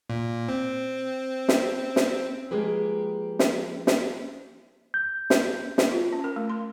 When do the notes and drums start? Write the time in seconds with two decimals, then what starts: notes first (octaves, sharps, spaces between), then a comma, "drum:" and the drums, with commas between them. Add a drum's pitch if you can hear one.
0.10 A#2
0.49 C4
1.49 drum: snare
1.96 drum: snare
2.51 F3 G#3 A#3 G4 G#4 B4
3.39 drum: snare
3.87 drum: snare
4.94 G6
5.30 drum: snare
5.78 drum: snare
5.91 F4
6.12 C#4
6.24 A#4
6.36 A3
6.49 C6